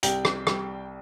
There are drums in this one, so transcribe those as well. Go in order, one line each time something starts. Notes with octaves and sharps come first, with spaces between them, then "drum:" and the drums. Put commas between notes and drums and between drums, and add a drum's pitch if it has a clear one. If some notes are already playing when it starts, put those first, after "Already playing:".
C2 G5, drum: hi-hat
drum: rim click
G3, drum: rim click